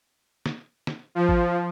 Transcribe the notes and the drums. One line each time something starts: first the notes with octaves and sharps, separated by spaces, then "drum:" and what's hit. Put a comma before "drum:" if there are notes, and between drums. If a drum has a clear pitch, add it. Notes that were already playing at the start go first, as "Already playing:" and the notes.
drum: snare
drum: snare
F3
drum: kick G#1